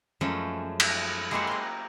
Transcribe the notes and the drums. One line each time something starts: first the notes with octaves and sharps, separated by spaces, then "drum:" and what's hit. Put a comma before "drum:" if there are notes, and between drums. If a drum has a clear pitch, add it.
F#2 F3 G#3 A3 C#4
drum: cymbal
G#3 A#3 E4 G4 C5 F#5
A#4 C6